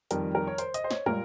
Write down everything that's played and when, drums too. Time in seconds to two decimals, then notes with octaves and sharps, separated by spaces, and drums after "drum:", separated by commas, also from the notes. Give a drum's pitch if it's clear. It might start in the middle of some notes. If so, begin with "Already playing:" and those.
0.11 F2 D#3 G3 A#4, drum: hi-hat
0.35 A#4
0.47 C#5
0.58 C5, drum: hi-hat
0.74 D#5, drum: hi-hat
0.84 C5
0.91 C#5, drum: snare
1.06 A#2 G3 A#4, drum: tom